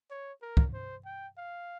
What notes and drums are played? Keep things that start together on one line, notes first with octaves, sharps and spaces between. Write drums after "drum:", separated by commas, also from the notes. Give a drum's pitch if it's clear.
C#5
A#4
drum: kick
C5
G5
F5